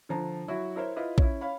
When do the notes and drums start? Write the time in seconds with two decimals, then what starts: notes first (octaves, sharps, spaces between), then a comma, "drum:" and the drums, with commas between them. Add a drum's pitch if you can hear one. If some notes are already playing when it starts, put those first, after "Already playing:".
0.09 D3 F3 A#5
0.48 F#3 E4 F#4
0.76 E4 A#4 C5 C#5
0.96 E4 F4 B4 D#5 E5
1.18 C#4 E4, drum: kick A#1
1.41 C#5 F5 B5